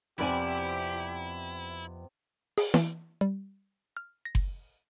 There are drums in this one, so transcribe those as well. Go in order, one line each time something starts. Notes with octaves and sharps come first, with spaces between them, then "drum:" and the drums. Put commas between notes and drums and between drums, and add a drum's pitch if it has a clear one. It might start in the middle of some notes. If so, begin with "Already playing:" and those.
F2 C3 B3 E4 G4 D5 G#5
G#4, drum: open hi-hat
E3, drum: snare E4
G3
F6
A#6
drum: kick F#1